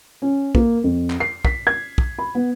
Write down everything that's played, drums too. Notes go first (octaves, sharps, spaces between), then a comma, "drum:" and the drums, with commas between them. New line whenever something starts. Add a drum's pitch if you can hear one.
C#4
A#3, drum: kick
F2
drum: clap
C7
B6, drum: kick
G#6
drum: kick
B5
B3